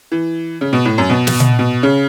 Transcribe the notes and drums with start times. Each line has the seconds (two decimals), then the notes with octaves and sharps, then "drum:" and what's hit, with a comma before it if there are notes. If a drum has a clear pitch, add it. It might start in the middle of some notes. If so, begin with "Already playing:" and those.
0.12 E3
0.61 C#3
0.73 B2
0.85 A2
0.98 F#2
1.10 B2
1.27 drum: snare
1.40 drum: tom A#2
1.59 B2
1.83 C#3